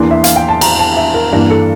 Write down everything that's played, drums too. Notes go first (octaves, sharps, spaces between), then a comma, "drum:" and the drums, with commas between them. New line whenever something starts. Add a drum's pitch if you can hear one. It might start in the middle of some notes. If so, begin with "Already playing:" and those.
Already playing: E2 E3 A#3 D4 C6
E5
F5, drum: hi-hat
G5
A5
A#5, drum: cymbal
A5
E5
A#4
G2 E3 A#3 D4 A#4
A4